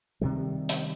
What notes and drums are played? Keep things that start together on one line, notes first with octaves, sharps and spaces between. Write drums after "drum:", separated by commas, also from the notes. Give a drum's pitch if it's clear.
C3 D#3 G3
drum: hi-hat